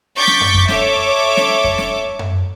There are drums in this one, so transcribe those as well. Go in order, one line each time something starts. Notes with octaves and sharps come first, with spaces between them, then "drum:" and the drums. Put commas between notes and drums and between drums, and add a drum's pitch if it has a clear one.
C#6 D6 G6 A6 B6
drum: snare
drum: tom F#2
drum: kick F2
A4 C#5 E5 D6, drum: snare
drum: snare
drum: kick F2
drum: snare
drum: tom F#2